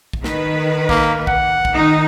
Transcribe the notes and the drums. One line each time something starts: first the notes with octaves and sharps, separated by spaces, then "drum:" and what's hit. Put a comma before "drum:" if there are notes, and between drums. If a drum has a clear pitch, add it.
drum: kick A#1
D#3 B4, drum: snare
A#3, drum: kick A#1
F#5, drum: kick A#1
drum: kick A#1
D#3 D#4